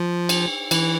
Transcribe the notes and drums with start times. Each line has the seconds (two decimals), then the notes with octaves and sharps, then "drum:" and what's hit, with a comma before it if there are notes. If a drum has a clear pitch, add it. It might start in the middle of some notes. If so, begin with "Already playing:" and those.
Already playing: F3
0.29 drum: cymbal
0.71 E3, drum: cymbal